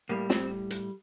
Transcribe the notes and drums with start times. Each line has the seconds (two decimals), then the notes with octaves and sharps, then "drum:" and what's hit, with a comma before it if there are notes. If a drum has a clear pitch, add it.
0.09 A2 G3 A#3
0.30 C4, drum: snare
0.70 drum: hi-hat